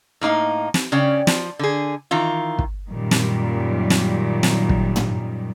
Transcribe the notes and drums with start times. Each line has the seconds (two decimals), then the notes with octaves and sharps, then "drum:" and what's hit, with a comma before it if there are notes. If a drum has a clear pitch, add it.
0.21 A2 A#3 D#4 F5
0.74 drum: snare
0.92 C#3 C#4 D5 G5
1.27 F3, drum: snare
1.59 D3 G#4
2.11 D#3 E3 F4
2.59 drum: kick
2.91 F#2 A#2 D#3 G3
3.11 drum: snare
3.90 drum: snare
4.43 drum: snare
4.69 drum: kick
4.96 drum: tom